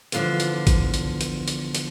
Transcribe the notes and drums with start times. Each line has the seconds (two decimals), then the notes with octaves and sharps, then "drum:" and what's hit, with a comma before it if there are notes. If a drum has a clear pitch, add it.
0.12 E2 D3 F3 F4, drum: hi-hat
0.40 drum: hi-hat
0.67 drum: kick A1, hi-hat
0.94 drum: hi-hat
1.21 drum: hi-hat
1.48 drum: hi-hat
1.75 drum: hi-hat